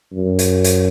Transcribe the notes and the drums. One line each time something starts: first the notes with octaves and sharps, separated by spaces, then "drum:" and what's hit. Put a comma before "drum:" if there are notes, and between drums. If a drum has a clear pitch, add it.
F#2
drum: hi-hat
drum: hi-hat